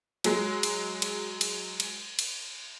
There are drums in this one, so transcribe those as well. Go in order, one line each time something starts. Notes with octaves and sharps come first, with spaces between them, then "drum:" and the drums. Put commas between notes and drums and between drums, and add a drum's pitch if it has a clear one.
F#3 G#3, drum: cymbal
drum: cymbal
drum: cymbal
drum: cymbal
drum: cymbal
drum: cymbal